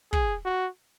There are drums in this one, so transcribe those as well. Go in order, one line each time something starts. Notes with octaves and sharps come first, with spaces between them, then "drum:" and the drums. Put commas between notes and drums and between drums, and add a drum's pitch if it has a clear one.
G#4, drum: kick
F#4